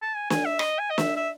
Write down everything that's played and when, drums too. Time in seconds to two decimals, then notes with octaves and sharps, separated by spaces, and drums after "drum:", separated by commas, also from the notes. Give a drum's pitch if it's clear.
0.02 A5
0.16 G#5
0.30 G#5, drum: snare
0.45 E5
0.59 D#5, drum: rim click
0.79 G#5
0.90 D#5
0.98 E5, drum: snare
1.17 E5